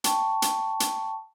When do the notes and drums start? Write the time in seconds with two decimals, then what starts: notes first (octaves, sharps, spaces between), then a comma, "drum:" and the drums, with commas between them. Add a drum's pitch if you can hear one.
0.04 G5 A5 C#6, drum: hi-hat
0.42 drum: hi-hat
0.80 drum: hi-hat